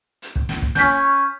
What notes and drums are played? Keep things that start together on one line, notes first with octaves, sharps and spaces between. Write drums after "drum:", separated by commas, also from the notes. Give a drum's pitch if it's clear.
drum: hi-hat
drum: kick
drum: snare
drum: kick
C#4 G6 B6, drum: snare